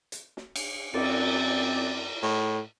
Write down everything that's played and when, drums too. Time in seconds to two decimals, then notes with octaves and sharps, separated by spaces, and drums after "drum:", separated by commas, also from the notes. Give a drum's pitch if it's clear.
0.12 drum: hi-hat
0.37 drum: snare
0.56 drum: cymbal
0.94 F#2 C4 D5, drum: cymbal
2.23 A2